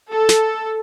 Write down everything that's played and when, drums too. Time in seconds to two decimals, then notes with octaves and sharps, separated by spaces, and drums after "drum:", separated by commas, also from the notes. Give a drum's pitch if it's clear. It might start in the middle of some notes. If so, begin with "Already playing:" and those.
0.11 A4
0.29 drum: snare